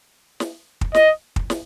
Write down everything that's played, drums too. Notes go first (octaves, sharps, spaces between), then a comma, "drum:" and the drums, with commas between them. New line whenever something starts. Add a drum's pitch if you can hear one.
drum: snare
drum: kick
D#5, drum: snare
drum: kick
drum: snare